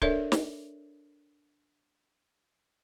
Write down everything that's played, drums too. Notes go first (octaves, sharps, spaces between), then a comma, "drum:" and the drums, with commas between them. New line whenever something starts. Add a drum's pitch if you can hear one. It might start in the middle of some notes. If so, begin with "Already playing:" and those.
D4 A4 A#4 C#5 D5 E5, drum: kick C#1
drum: snare